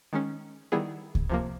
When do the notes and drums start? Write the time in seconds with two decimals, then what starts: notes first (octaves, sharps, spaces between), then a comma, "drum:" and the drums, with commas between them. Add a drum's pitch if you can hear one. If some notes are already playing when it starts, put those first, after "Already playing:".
0.13 D#3 G#3 C#4
0.72 D#3 G3 B3 E4 G#4
1.15 drum: kick C#2
1.29 C3 F3 A#3